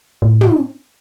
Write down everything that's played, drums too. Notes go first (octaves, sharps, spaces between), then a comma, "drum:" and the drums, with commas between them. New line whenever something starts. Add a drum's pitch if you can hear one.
A2
drum: tom